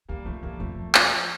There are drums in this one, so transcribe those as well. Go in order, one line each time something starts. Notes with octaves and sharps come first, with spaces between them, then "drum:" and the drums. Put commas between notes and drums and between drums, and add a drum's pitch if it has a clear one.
D3 G3 A#3
E3 F3 A3
D3 G3 A#3
F2 F3 A3
F3, drum: clap